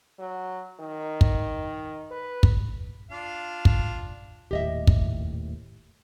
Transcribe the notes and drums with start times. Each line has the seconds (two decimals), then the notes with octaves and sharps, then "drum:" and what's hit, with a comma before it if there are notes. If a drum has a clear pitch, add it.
0.19 F#3
0.80 D#3
1.21 drum: kick
2.11 B4
2.43 drum: kick
3.11 D4 F4 F5
3.65 drum: kick
4.51 D#1 D#2 A2 G4 D#5 E5
4.87 drum: kick